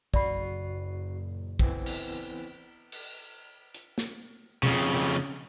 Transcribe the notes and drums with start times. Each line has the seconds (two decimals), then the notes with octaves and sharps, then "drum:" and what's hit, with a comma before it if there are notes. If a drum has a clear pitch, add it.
0.14 F#1 A#2 F#4 D5 B5 C7, drum: kick
1.59 E3 B3 C4, drum: kick
1.86 drum: cymbal
2.92 drum: cymbal
3.75 drum: hi-hat
3.98 drum: snare
4.63 F2 C#3, drum: tom B2